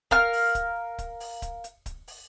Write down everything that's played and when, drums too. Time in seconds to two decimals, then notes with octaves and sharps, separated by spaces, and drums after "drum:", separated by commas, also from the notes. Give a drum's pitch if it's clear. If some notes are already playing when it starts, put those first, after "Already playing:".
0.11 A#4 F5 F6, drum: kick C#1
0.33 drum: open hi-hat
0.55 drum: kick C#1, hi-hat
0.98 drum: kick C#1, hi-hat
1.20 drum: open hi-hat
1.42 drum: kick C#1, hi-hat
1.64 drum: hi-hat
1.86 drum: kick C#1, hi-hat
2.08 drum: open hi-hat